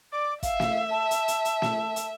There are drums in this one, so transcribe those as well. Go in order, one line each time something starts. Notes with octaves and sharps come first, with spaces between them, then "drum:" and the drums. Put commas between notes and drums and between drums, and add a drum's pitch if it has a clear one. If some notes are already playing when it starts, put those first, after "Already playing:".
D5 D6
E5 F5, drum: kick, hi-hat
drum: snare
A5
drum: hi-hat
drum: hi-hat
drum: hi-hat
drum: snare
drum: hi-hat